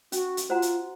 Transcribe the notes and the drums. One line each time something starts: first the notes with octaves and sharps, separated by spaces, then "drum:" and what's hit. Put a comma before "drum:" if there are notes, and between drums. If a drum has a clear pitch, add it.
C#4 F#4, drum: hi-hat
drum: hi-hat
F4 F#4 C5 F#5 A#5
drum: hi-hat